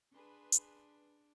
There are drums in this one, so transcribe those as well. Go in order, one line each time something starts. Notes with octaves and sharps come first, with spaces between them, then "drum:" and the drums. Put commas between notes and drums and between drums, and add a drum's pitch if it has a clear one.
D4 G#4 B4 C6
drum: hi-hat